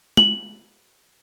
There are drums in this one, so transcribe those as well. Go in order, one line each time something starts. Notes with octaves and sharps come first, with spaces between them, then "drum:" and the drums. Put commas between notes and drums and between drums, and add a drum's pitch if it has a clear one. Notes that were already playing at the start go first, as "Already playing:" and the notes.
F#7, drum: tom G#3